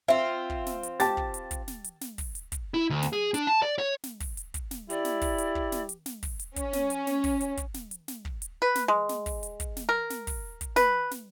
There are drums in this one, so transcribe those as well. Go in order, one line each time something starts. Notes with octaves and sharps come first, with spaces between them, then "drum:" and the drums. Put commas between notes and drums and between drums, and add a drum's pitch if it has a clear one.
C4 F4 E5
drum: kick
drum: snare
drum: hi-hat
G4 A5 A6, drum: snare
drum: kick
drum: hi-hat
drum: kick, hi-hat
drum: snare
drum: hi-hat
drum: snare
drum: kick, open hi-hat
drum: hi-hat
drum: kick, hi-hat
E4
D2
drum: snare
G#4
D4, drum: hi-hat
A5
D5
C#5
drum: snare
drum: kick, open hi-hat
drum: hi-hat
drum: kick, hi-hat
drum: snare
E4 G4 D5, drum: hi-hat
drum: snare
drum: kick, open hi-hat
drum: hi-hat
drum: kick
drum: snare
drum: hi-hat
drum: snare
drum: kick, open hi-hat
drum: hi-hat
C#4, drum: kick, hi-hat
drum: snare
drum: hi-hat
drum: snare
drum: kick, open hi-hat
drum: hi-hat
drum: kick, hi-hat
drum: snare
drum: hi-hat
drum: snare
drum: kick
drum: hi-hat
B4
drum: snare
G#3
drum: snare
drum: kick, open hi-hat
drum: hi-hat
drum: kick, hi-hat
drum: snare
A#4
drum: snare
drum: kick, open hi-hat
drum: kick, hi-hat
B4, drum: snare
drum: snare